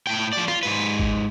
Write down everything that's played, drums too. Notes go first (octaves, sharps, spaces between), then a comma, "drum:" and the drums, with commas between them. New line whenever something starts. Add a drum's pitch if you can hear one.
A2 G5
F3 D5
F4, drum: rim click
G#2 B4
drum: kick G1